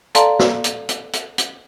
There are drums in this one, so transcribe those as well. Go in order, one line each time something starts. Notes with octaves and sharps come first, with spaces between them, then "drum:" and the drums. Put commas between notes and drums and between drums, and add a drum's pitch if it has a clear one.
A4 D5 F5 A5 A#5 C6, drum: hi-hat
drum: snare
drum: hi-hat
drum: hi-hat
drum: hi-hat
drum: hi-hat